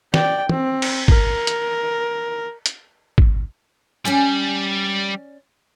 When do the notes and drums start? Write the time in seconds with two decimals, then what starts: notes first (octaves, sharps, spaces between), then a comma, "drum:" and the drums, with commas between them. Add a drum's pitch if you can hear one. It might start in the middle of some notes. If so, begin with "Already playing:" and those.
0.14 D5 G5, drum: snare
0.49 C4, drum: tom
0.82 drum: cymbal
1.08 A#4, drum: kick G#1
1.47 drum: hi-hat
2.66 drum: hi-hat
3.18 drum: kick G#1
4.05 G3 C#4 D5 G#5